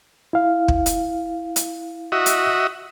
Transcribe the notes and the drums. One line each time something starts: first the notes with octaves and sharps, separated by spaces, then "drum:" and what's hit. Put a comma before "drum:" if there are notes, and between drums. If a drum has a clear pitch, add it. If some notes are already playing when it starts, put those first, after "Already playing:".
E4 F5
drum: kick
drum: hi-hat
drum: hi-hat
F#4 D#5 E5
drum: hi-hat